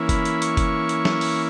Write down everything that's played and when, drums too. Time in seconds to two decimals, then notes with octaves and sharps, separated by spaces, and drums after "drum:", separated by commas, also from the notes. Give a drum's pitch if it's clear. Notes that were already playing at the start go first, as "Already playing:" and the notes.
Already playing: E3 A#3 C#4 E4
0.09 B5, drum: kick F#1, hi-hat
0.25 drum: hi-hat
0.42 C#6, drum: hi-hat
0.57 drum: kick F#1, hi-hat
0.89 drum: hi-hat
1.05 drum: snare F#3
1.21 drum: open hi-hat